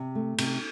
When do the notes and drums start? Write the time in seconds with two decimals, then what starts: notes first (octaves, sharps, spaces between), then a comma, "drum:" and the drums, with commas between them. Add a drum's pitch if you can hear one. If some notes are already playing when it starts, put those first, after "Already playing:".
Already playing: C3
0.15 A3
0.38 C3, drum: cymbal